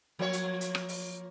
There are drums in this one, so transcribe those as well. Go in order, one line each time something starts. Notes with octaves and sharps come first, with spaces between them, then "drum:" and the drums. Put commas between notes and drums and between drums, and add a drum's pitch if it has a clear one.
F3 A#3 C#5
drum: hi-hat
drum: hi-hat
drum: rim click
drum: open hi-hat